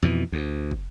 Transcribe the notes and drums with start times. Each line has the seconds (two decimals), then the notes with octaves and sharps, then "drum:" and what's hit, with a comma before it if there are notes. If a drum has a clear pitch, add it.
0.02 F2 B2 E3
0.32 D2
0.71 drum: kick